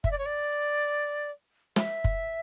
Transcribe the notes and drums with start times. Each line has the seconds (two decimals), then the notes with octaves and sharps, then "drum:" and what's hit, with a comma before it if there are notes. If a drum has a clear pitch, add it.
0.04 E5, drum: kick
0.11 D5
0.18 C#5
0.26 D5
1.76 E5, drum: snare
2.04 drum: kick